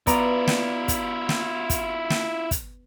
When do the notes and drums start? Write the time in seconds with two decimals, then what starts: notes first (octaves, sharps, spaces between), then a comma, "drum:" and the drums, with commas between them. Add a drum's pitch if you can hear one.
0.07 B3 E4 F4 D5 A#5, drum: kick, hi-hat
0.47 drum: snare
0.88 drum: kick, hi-hat
1.29 drum: snare
1.70 drum: kick, hi-hat
2.10 drum: snare
2.51 drum: kick, hi-hat